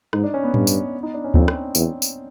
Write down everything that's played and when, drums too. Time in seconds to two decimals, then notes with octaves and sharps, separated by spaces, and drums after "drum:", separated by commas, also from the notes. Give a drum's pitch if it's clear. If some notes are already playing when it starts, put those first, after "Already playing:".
0.13 G#2 D#4, drum: rim click
0.23 D4
0.34 C#4
0.43 B3
0.54 G2 B3, drum: tom A2
0.67 drum: tambourine
1.03 D#4
1.14 D4
1.24 C#4
1.34 F2 C4, drum: kick D2
1.48 drum: rim click
1.75 E2, drum: tambourine
2.02 drum: tambourine